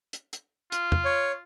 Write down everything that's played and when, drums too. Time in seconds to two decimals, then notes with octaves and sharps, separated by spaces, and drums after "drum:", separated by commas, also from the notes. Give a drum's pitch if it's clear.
0.13 drum: hi-hat
0.33 drum: hi-hat
0.72 F4, drum: hi-hat
0.92 drum: tom E2
1.05 C#5